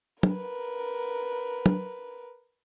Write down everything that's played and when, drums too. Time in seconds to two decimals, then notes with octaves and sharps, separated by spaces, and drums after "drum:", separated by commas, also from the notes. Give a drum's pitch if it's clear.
0.23 A#4 B4, drum: tom
1.66 drum: tom